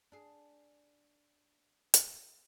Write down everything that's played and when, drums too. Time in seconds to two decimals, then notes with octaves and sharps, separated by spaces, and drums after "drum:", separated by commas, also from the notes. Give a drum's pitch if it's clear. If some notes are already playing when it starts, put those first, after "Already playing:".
0.12 D4 G#4
1.94 drum: hi-hat